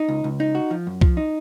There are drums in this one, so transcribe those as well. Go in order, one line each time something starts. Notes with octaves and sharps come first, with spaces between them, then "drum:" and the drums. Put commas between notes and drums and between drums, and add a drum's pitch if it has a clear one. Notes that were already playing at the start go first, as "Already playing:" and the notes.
Already playing: D#4
C#2
C#2
D#4
F#4
F3
F#2
F3, drum: kick C2
D#4